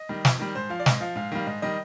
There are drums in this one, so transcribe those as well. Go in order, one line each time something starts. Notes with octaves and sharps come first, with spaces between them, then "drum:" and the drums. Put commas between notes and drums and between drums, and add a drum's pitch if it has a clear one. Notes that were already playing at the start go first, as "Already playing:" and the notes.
Already playing: D#5
D#3 G3
F2, drum: snare
D#3 G3
G#2 C5
F3 F5
D5
G#2 D#5, drum: snare
F3 F5
G#2 F5
D#3 G3 F5
G#2 D#5
D#3 G3 D#5